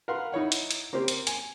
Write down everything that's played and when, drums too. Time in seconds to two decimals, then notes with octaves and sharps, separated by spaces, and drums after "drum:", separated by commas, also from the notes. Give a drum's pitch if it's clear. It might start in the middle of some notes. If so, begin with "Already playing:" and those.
0.08 A#4 B4 F5 F#5 C6
0.32 D#4 E4 C#5 F#5
0.52 drum: hi-hat
0.71 drum: hi-hat
0.93 A#3 C4 G4 C5
1.08 drum: hi-hat
1.27 G#5, drum: hi-hat